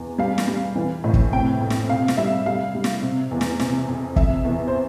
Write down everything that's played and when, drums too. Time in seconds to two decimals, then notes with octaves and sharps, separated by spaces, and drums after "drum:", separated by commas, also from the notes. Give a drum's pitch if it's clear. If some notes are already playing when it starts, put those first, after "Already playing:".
Already playing: E2
0.18 G3 F5
0.38 drum: snare
0.48 G3
0.76 E3
1.04 A2
1.14 drum: kick
1.32 C3 G5
1.61 F2
1.70 drum: snare
1.89 C3 F5
2.08 drum: snare
2.17 G3 E5
2.46 G3 F5
2.75 G3
2.84 drum: snare
3.02 C3
3.31 E2
3.41 drum: snare
3.60 C3, drum: snare
3.88 F2
4.16 C3 E5, drum: kick
4.45 E2
4.68 C5